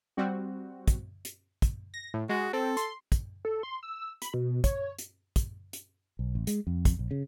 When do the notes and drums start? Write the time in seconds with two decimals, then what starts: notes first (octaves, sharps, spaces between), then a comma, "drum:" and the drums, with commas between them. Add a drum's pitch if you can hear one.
0.17 G3 C4 F#4
0.88 drum: kick, hi-hat
1.25 drum: hi-hat
1.62 drum: kick, hi-hat
1.94 A#6
2.14 A2
2.29 G#3 F#4
2.53 C4 A4
2.77 C6, drum: hi-hat
3.12 drum: kick, hi-hat
3.45 A4
3.63 C6
3.83 E6
4.22 B5, drum: hi-hat
4.34 B2
4.64 C#5, drum: kick, hi-hat
4.99 drum: hi-hat
5.36 drum: kick, hi-hat
5.73 drum: hi-hat
6.19 B1
6.35 A1
6.47 G#3, drum: hi-hat
6.67 F2
6.85 drum: kick, hi-hat
6.99 A#1
7.11 C#3